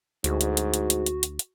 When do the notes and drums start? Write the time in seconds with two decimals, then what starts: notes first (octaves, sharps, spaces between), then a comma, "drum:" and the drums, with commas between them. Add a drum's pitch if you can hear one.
0.24 D2 G#2 F#4, drum: hi-hat
0.41 drum: hi-hat
0.57 drum: hi-hat
0.74 drum: hi-hat
0.90 drum: hi-hat
1.06 drum: hi-hat
1.23 drum: hi-hat
1.39 drum: hi-hat